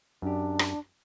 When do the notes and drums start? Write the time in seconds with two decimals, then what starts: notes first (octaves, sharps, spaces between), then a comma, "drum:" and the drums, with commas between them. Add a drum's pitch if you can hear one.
0.22 F#2 D4 G4
0.59 drum: rim click